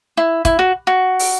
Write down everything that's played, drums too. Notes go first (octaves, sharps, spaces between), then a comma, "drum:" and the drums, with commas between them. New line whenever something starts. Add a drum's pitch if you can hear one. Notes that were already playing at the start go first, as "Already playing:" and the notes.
E4
E4, drum: kick, hi-hat
F#4
F#4
drum: open hi-hat